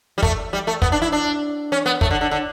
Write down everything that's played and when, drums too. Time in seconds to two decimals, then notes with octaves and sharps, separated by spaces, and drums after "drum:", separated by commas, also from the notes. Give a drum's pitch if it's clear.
0.18 G3
0.22 A3, drum: kick
0.53 G3
0.67 A3
0.82 B3, drum: kick
0.92 D4
1.02 E4
1.13 D4
1.72 C#4
1.86 B3
2.01 A3, drum: kick
2.11 D3
2.21 D3
2.31 D3